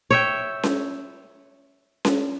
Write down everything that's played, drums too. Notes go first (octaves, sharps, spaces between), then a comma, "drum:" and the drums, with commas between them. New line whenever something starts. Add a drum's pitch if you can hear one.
C#5 E5 G5
drum: snare C#4
drum: snare C#4